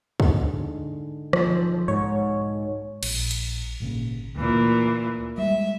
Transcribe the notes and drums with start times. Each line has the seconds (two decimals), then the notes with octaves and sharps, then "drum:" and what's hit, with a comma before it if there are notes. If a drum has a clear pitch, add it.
0.20 G#2 D3 G#3, drum: kick
1.33 B1 F3 G#3 A4, drum: rim click
1.88 G#2 C#5
3.03 A#1, drum: cymbal
3.31 drum: hi-hat
3.80 G#1 A#2 C#3
4.36 D2 A#2 E3
5.38 G3 G#3 E5